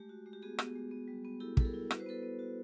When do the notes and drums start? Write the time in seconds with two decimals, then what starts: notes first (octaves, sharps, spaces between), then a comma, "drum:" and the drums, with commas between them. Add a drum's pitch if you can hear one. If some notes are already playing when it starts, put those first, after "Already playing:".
Already playing: G#3 A3 G4
0.09 F#4
0.26 G#3
0.33 G4
0.42 B3 F#4 G#4
0.59 B3, drum: rim click
0.75 G#3
0.91 B3
1.08 G3
1.25 B3
1.40 E4 G4 A4
1.57 G3 A4, drum: kick
1.65 G#4 A#4
1.74 E4
1.91 F#4 B4, drum: rim click
2.00 C5
2.06 B3 A4 B4
2.23 B3
2.39 F#4